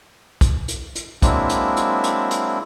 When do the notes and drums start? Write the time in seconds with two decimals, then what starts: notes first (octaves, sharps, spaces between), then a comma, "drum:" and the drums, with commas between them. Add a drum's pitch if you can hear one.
0.41 drum: kick, hi-hat
0.68 drum: hi-hat
0.95 drum: hi-hat
1.22 F#3 G#3 A#3 C4 D4 E4, drum: kick, hi-hat
1.49 drum: hi-hat
1.77 drum: hi-hat
2.04 drum: hi-hat
2.31 drum: hi-hat